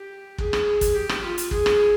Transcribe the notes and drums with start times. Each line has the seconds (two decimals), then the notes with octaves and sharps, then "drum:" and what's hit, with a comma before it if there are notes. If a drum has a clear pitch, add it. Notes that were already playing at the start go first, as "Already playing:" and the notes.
Already playing: G4
0.38 G#4, drum: kick
0.53 drum: rim click
0.81 drum: kick, hi-hat
0.95 G4
1.09 drum: rim click
1.23 F4
1.38 drum: hi-hat
1.51 G#4, drum: kick
1.66 drum: rim click